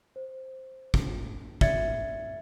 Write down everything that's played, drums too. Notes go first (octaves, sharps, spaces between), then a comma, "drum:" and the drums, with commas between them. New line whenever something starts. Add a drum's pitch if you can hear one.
C5
drum: kick
D5 E5 G#6 A6 C#7, drum: kick